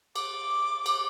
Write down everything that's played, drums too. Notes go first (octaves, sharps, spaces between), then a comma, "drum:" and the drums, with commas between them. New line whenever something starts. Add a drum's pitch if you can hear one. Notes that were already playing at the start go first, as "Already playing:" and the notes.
D6, drum: cymbal
drum: cymbal